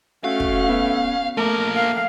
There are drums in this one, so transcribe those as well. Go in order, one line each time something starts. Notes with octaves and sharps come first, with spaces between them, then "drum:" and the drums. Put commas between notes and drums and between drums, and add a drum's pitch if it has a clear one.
A3 C#4 F#4 F5
drum: kick
B3
F3 A3 A#3 A#4
F5